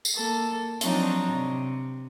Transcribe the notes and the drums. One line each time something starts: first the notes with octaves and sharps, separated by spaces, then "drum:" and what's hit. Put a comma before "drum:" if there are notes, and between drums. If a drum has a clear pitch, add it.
drum: tambourine
A#3 A4
F3 F#3 C4 D4 D#4 C#5, drum: hi-hat
C3